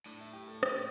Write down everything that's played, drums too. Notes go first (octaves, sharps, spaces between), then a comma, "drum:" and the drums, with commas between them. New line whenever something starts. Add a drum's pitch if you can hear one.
A2 D4
E4
G4
A4
G4, drum: rim click